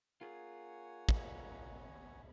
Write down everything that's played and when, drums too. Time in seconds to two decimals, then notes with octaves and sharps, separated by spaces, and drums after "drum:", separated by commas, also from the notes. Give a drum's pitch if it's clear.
0.21 A#3 F4 G#4 C#5 F#5 G#5
1.09 drum: kick